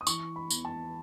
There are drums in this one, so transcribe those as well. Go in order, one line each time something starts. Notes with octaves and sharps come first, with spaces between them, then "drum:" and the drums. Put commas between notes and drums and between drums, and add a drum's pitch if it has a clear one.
D#6
E3 C#6, drum: tambourine
B5
E2, drum: tambourine
A5